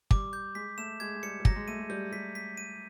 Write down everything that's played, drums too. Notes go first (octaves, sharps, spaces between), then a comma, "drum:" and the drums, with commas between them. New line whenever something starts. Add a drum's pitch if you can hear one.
G3 D6, drum: kick
G6
G#3 B6
A3 E7
G#3 G#6
G#3
G3 C#7
G3
F#3 A#6, drum: kick
G#3
A3 D#7
G#3
G3 G6
G3 B6
B6
D#7